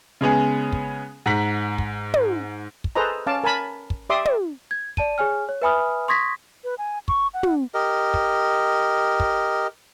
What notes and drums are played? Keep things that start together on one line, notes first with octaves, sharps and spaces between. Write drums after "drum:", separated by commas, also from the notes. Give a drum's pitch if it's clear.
C#3 G#3 B3 G#4
drum: kick
G#2 F#5 A#5 B6
drum: kick
drum: tom
drum: kick
G#4 A4 B4 C5 D#5 A#5
C#4 F5 A5 D6
A#4 G#5 A5 B5
drum: kick
G4 D5 E5 C6 D6 D#6
drum: tom
G#6
D5 A5 D#7, drum: kick
G#4 C#5 G#5 F6
C#5
B4 E5 G#5 B5 D#6 F6
C6 C#6 D#6 G#6 A#6 B6
B4
G#5
C#6, drum: kick
F#5
drum: tom
G4 A#4 D#5
drum: kick
drum: kick